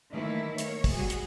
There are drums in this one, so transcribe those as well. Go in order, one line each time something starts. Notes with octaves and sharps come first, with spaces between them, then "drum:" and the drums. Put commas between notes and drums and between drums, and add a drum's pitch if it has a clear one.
D#3 E3 F#3 A3 A#3 E4
A#3 C#5, drum: hi-hat
drum: kick, open hi-hat
G3 F#4 G#4
drum: hi-hat